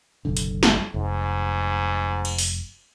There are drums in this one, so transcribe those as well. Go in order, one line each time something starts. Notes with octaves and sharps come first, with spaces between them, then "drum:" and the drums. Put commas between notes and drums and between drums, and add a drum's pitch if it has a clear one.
F#1 B1 D3
drum: hi-hat
drum: snare
F1 G#2
drum: cymbal
drum: open hi-hat